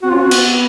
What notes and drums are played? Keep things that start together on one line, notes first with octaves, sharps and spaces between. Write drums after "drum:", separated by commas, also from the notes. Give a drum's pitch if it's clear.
C4 F#4
C#4 F4
C4 F#4
B3, drum: cymbal